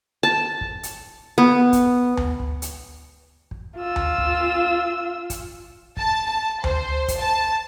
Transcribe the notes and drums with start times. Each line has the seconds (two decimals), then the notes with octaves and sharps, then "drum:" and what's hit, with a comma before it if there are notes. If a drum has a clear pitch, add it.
0.23 A5
0.61 drum: kick
0.83 drum: hi-hat
1.38 B3
1.73 drum: kick, hi-hat
2.17 drum: tom D2
2.40 drum: kick
2.62 drum: hi-hat
3.51 drum: kick
3.77 F4 E6
3.96 drum: tom D2
4.18 drum: kick
5.30 drum: kick, hi-hat
5.97 A5, drum: kick
6.27 A5
6.64 C5, drum: tom D2
7.08 drum: kick, hi-hat
7.19 A5